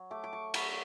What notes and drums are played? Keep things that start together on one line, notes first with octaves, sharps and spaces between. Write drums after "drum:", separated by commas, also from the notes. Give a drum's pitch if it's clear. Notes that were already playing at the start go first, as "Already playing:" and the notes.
Already playing: F#3
A3 D6
D6
C#6
F#3 B5, drum: cymbal